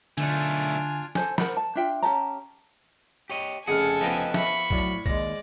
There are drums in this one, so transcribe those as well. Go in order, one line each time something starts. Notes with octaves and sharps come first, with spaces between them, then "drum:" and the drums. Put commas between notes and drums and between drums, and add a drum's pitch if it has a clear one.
B1 D3 A3 D4 F4 G#5, drum: hi-hat
A4 C5 G#5, drum: snare
A#4 C5 F#5 B5, drum: snare
A5
D4 F4 E5 G5
C#4 G4 A5 A#5
G4 C#5 D#5
F1 C#3 G#4 A4 F#5 G#5 F6
F3 B3 B4 D#5 G5
E5 B5 C#6, drum: snare
A2 F#3 D5, drum: kick B1
D#2 G#3 D5 A#6, drum: kick B1